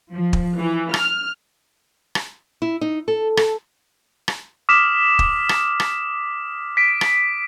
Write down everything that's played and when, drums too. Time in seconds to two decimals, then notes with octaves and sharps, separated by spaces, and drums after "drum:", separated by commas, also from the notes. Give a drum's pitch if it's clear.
0.12 F3
0.33 drum: kick
0.58 E3
0.94 F6, drum: rim click
2.15 drum: rim click
2.62 E4
2.81 D#4
3.08 A4
3.37 A4, drum: rim click
4.28 drum: rim click
4.69 D6 D#6 F6 B6 E7
5.19 drum: kick
5.49 drum: rim click
5.80 drum: rim click
6.77 B6 D7
7.01 drum: rim click